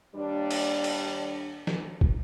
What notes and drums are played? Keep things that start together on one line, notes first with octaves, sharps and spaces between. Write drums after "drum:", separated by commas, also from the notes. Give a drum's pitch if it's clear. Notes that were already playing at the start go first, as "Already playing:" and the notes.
D#2 G3 D4
drum: cymbal
drum: cymbal
drum: snare
drum: kick